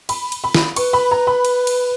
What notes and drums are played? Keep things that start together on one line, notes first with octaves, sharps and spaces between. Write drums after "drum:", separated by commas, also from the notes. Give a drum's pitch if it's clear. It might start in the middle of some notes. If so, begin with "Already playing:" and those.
B5, drum: cymbal
drum: cymbal
B5
drum: snare
B4 C#6, drum: cymbal
B5
A#5
B5
drum: cymbal
drum: cymbal